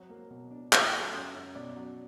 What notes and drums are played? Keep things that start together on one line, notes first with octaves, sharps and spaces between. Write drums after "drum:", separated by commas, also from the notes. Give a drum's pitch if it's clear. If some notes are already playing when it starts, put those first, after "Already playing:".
Already playing: F#3 C4
A#3
B2
D4
D3 E5, drum: clap
F#3
F#2
F#2
B2 D5
F#3